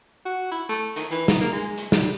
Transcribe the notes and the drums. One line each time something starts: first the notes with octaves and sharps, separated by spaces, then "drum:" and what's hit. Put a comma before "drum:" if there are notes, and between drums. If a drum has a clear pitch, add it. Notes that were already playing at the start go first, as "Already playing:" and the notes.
F#4
E4
A3
D#3, drum: hi-hat
E3, drum: hi-hat
D#4, drum: snare
A#3
G#3
drum: hi-hat
G3, drum: snare